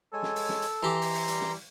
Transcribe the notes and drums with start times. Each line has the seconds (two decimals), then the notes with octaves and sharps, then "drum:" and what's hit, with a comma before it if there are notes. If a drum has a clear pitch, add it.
0.13 G#3 A4 C#5 G#5
0.23 drum: snare
0.36 drum: open hi-hat
0.49 drum: snare
0.62 drum: hi-hat
0.83 E3 G4 E5 A#5 C6
1.02 drum: open hi-hat
1.15 drum: open hi-hat
1.28 G3, drum: hi-hat
1.41 drum: snare